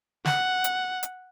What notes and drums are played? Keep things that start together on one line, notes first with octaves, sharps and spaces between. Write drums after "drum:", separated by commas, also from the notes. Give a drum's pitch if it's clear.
F#5, drum: snare
drum: hi-hat
drum: hi-hat